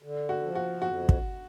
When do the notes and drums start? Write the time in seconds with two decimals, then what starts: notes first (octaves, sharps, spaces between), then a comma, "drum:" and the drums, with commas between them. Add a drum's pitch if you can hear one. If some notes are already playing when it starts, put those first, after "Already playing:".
0.03 D3
0.29 F#4
0.42 F3
0.55 F#4
0.82 F2 F#4
1.09 drum: kick